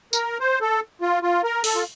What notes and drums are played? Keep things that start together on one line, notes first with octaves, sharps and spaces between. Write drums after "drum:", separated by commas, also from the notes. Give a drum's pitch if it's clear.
A#4, drum: tambourine
C5
A4
F4
F4
A#4
A4, drum: open hi-hat
F4